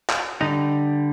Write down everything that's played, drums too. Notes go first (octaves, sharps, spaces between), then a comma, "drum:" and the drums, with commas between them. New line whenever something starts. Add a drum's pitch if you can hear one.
drum: clap
D3 G3 D#4